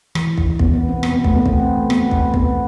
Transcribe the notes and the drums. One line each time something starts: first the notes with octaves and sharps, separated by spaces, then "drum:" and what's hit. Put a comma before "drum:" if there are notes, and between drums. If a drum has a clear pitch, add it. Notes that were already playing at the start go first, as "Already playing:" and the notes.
E3, drum: rim click
drum: kick
B3, drum: kick
B3
C4
B3, drum: rim click
B3
A3, drum: kick
B3
C4, drum: kick
B3, drum: rim click
drum: kick
B3, drum: kick